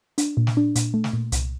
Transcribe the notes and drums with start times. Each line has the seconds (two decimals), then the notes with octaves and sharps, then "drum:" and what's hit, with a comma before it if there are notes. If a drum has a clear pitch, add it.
0.18 D4, drum: hi-hat
0.37 A#2
0.47 drum: snare
0.57 D4
0.75 A#2, drum: hi-hat
0.94 A3
1.04 drum: snare
1.13 A#2
1.32 C2, drum: hi-hat